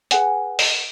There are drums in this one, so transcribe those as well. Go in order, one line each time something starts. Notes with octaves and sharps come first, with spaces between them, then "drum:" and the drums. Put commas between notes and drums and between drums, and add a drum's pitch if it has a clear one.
G#4 B4 F#5 G#5, drum: hi-hat
drum: open hi-hat